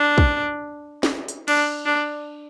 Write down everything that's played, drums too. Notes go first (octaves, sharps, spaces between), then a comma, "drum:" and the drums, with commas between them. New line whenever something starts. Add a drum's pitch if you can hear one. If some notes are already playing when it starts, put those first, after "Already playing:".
Already playing: D4
drum: kick
drum: snare
drum: hi-hat
D4, drum: cymbal
D4